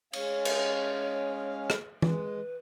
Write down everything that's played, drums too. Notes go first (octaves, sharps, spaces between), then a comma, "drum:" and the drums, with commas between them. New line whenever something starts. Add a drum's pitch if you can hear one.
G#3 C#4 C#5 F5, drum: cymbal
drum: cymbal
drum: rim click
G#3 B4, drum: tom